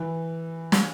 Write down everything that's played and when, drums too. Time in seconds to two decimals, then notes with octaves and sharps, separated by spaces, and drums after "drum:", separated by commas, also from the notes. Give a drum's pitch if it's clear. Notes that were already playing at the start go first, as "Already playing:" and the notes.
Already playing: E3
0.72 drum: snare